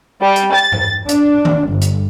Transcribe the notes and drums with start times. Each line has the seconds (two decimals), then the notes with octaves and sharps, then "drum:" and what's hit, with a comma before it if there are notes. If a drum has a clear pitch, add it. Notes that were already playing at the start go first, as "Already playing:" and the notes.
0.22 G3
0.36 drum: hi-hat
0.54 A6
0.72 drum: tom G2
1.09 D4, drum: hi-hat
1.45 drum: tom D#3
1.69 G1
1.81 drum: hi-hat